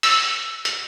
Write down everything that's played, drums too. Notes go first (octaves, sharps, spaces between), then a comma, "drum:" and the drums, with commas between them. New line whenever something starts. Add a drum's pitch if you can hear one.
E6, drum: open hi-hat
drum: hi-hat